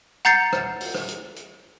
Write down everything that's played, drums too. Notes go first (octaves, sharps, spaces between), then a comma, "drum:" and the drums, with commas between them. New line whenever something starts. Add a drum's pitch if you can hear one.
F#5 A#5 G6 A6 C7 C#7
drum: rim click
drum: open hi-hat
drum: rim click
drum: hi-hat
drum: hi-hat